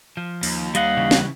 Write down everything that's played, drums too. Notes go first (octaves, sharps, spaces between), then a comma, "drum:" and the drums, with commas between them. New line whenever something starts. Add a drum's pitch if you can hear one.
F3
D#2, drum: open hi-hat
G3 D#5 F5 F#5, drum: hi-hat
C#3 E3
drum: snare